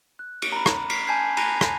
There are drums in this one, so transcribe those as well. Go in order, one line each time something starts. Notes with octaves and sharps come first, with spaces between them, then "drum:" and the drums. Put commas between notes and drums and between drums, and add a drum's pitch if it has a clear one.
F#6
drum: cymbal
A#5 B5
drum: rim click
B6 C7, drum: cymbal
G#5 A5 G6 G#6 C7
A#5 B5 F#6 A#6 D#7 F7, drum: cymbal
drum: rim click